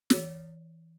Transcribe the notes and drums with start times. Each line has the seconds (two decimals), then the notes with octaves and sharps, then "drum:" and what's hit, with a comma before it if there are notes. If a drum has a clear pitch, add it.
0.10 E3 C#5 E6, drum: snare